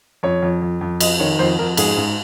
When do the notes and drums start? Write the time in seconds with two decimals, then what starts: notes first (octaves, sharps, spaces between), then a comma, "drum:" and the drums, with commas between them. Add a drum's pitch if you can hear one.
0.23 F2 C#5
0.42 F2
0.62 F2
0.81 F2
1.00 F2 D#5, drum: cymbal
1.20 D#3 C#5
1.39 F2 C5
1.59 F2 A#4
1.77 G#2 G#4, drum: cymbal
1.97 G#2